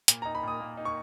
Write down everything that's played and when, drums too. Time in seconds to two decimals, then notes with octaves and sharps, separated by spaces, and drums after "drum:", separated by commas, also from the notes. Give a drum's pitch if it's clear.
0.08 A#2, drum: hi-hat
0.22 A#5
0.25 D#4
0.35 B5
0.43 A#2 D#6
0.60 A#3
0.77 D#4
0.85 C#6